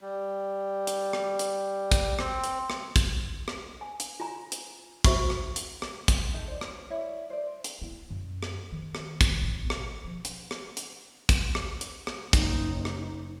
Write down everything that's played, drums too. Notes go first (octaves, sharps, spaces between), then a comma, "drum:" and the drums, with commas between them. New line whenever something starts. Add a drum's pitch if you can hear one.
G3
drum: hi-hat
drum: rim click
drum: hi-hat
drum: kick, hi-hat
C4, drum: rim click
drum: hi-hat
drum: rim click
drum: kick, hi-hat
drum: rim click
G#5
drum: hi-hat
F4 G#5 A#5
drum: hi-hat
F#4 C5 E5 B5 C#6, drum: kick, hi-hat
drum: rim click
drum: hi-hat
drum: rim click
drum: kick, hi-hat
D#4 G#4 A4
C5 D5
C#4 B4, drum: rim click
E4 C#5 D5
C5 D5
drum: hi-hat
E4
F#2
drum: rim click
D#3
drum: rim click
drum: kick, hi-hat
A1
B2, drum: rim click
F3
drum: hi-hat
drum: rim click
drum: hi-hat
drum: kick, hi-hat
drum: rim click
drum: hi-hat
drum: rim click
F#1 D#4, drum: kick, hi-hat
drum: rim click